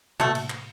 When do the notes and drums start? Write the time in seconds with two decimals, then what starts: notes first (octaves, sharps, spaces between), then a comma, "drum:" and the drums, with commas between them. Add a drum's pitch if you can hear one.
0.20 B2 A3 F#4 A4, drum: tom
0.35 drum: cymbal
0.50 drum: clap